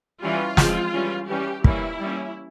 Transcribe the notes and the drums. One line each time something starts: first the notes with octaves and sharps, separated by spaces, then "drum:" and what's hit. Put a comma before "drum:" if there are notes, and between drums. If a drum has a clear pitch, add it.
E3 G3 C#4 F4
F3 G#3 C4, drum: snare
E3 G3 C#4
E3 G3 C#4 G4
E3 G3 A#3 C#4 E4, drum: kick
G3 A#3 C#4